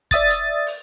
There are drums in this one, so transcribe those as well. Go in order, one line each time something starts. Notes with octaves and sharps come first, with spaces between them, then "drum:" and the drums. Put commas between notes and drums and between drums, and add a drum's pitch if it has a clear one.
D5 E5 D#6 A6, drum: kick, hi-hat
drum: hi-hat
drum: open hi-hat